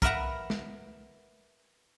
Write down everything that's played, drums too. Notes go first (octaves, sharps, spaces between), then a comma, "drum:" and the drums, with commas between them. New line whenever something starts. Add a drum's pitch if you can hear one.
A#4 B4 E5 F#5 A#5, drum: kick B1
drum: snare